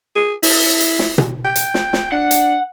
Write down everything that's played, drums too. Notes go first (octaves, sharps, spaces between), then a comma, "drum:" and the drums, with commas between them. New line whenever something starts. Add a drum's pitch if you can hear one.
G#4
E4, drum: open hi-hat
drum: hi-hat
drum: snare
drum: tom B2
G5
drum: hi-hat
drum: snare
drum: snare
D4 F#5
drum: hi-hat